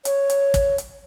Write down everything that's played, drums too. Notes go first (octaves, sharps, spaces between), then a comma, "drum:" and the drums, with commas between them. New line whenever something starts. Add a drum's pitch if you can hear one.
C#5, drum: hi-hat
drum: hi-hat
drum: kick, hi-hat
drum: hi-hat